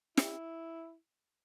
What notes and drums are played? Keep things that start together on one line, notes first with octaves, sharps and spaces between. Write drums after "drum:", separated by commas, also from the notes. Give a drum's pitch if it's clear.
E4, drum: snare